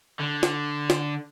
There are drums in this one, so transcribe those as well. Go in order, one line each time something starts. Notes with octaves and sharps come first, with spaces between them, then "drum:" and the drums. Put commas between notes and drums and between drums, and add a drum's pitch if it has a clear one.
D3
drum: snare
drum: snare